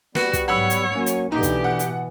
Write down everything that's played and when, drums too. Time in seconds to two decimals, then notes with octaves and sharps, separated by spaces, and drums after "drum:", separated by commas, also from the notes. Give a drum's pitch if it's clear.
0.15 G3 B3 F#4 B4, drum: snare
0.33 drum: kick, hi-hat
0.48 G#2 F#3 C#5 F#5 B5 E6
0.70 drum: hi-hat
0.92 F#3 A#3 C#4
1.06 drum: hi-hat
1.32 B2 D3 E3 D#4 G4
1.43 drum: kick, hi-hat
1.64 F#5
1.79 drum: hi-hat